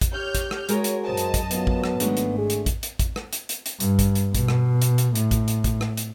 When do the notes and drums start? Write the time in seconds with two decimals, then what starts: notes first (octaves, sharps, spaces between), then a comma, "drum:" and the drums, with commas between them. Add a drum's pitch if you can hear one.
0.01 drum: kick A1, hi-hat
0.13 G4 C#5 F6 G6
0.35 drum: kick A1, hi-hat
0.51 drum: rim click
0.69 G#3 F#4 G#4 A#4 C#5, drum: hi-hat
0.84 drum: hi-hat
1.05 F#2 C5 D#5 A5
1.17 drum: hi-hat
1.34 drum: kick A1, hi-hat
1.51 F#3 B3 F4 B4, drum: hi-hat
1.67 drum: kick A1
1.84 drum: rim click
2.00 G#1 G#3 A3 D4, drum: hi-hat
2.17 drum: hi-hat
2.38 G#4
2.50 drum: hi-hat
2.66 drum: kick A1, hi-hat
2.83 drum: hi-hat
2.99 drum: kick A1, hi-hat
3.16 drum: rim click
3.33 drum: hi-hat
3.49 drum: hi-hat
3.66 drum: hi-hat
3.80 G2, drum: hi-hat
3.99 drum: kick A1, hi-hat
4.15 drum: hi-hat
4.35 B2, drum: kick A1, hi-hat
4.48 drum: rim click
4.82 drum: hi-hat
4.98 drum: hi-hat
5.15 A2, drum: hi-hat
5.31 drum: kick A1, hi-hat
5.48 drum: hi-hat
5.64 drum: kick A1, hi-hat
5.81 drum: rim click
5.97 drum: hi-hat